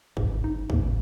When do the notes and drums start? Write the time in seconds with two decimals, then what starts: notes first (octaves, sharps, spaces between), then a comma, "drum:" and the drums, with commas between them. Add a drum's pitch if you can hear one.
0.17 G1 G#2, drum: kick
0.44 D#4
0.70 D#2 A#2 A#3, drum: kick
0.83 A1